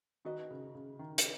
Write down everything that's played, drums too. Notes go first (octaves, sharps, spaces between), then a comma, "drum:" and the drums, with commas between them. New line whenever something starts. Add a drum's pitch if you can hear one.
D#3 F#4 B4 D#5
C#3
C#3
D#3
drum: hi-hat